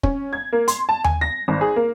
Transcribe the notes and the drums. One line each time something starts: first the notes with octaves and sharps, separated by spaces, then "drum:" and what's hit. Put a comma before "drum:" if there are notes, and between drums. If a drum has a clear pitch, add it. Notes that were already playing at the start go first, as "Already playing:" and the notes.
C#4, drum: kick
G#6
A#3
C6, drum: hi-hat
A5
G#5, drum: tom D#2
A#6
G#1
G#4
A#3